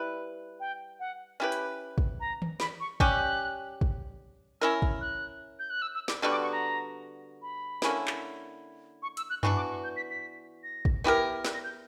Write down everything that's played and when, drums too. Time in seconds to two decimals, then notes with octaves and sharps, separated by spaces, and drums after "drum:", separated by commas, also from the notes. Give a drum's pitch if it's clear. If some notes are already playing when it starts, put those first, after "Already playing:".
Already playing: G3 E4 B4
0.60 G5
1.00 F#5
1.40 C#4 E4 G4 B4 G5
1.52 drum: hi-hat
1.98 drum: kick
2.20 A#5
2.42 drum: tom D#3
2.60 B5, drum: snare
2.80 C#6
3.00 G3 C#4 G4 F#6, drum: kick
3.81 drum: kick
4.61 C#4 E4 A#4 E6
4.82 drum: kick
5.01 F#6
5.59 G6
5.70 F#6
5.82 E6
5.95 E6
6.08 D6, drum: snare
6.22 D3 G3 B3 F#4
6.32 D6
6.42 C#6
6.52 A#5
7.42 B5
7.82 D3 A#3 C#4 E4, drum: snare
8.08 drum: clap
9.03 C#6
9.17 E6, drum: hi-hat
9.30 F#6
9.43 E3 B3 D4 F#4 C#6, drum: tom F#2
9.56 D6
9.71 C#6
9.84 G6
9.97 B6
10.10 B6
10.63 A#6
10.85 drum: kick
11.04 B3 E4 G4 A#4
11.45 F#6, drum: snare
11.54 A#6
11.64 G6